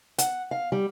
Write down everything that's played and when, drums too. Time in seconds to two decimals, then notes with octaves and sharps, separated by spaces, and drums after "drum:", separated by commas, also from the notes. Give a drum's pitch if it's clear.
0.18 F#5, drum: hi-hat
0.51 F5
0.72 G3